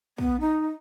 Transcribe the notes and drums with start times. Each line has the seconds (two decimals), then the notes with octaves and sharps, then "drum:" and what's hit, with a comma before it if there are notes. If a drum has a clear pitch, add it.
0.18 B3, drum: kick
0.40 D#4